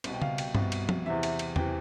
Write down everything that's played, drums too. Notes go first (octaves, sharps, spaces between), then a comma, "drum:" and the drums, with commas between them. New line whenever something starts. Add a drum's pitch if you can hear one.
C2 B2, drum: cymbal
G5
F5, drum: tom C#3
G5, drum: cymbal
C2 B2, drum: tom G2
drum: cymbal
drum: tom F3
E2 C3 E3 E5
E5, drum: cymbal
drum: cymbal
C3 E3 G5, drum: tom E2